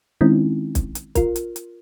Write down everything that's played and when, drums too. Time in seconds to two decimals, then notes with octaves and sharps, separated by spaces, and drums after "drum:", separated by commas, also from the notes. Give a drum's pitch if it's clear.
0.21 D#3 G#3 C4 C#4 D#4 E4
0.75 drum: kick, hi-hat
0.95 drum: hi-hat
1.15 F4 A#4, drum: kick, hi-hat
1.36 drum: hi-hat
1.56 drum: hi-hat